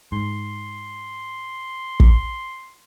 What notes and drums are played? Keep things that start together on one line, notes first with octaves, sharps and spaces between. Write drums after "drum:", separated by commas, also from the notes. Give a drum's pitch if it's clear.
G#2 C6
drum: kick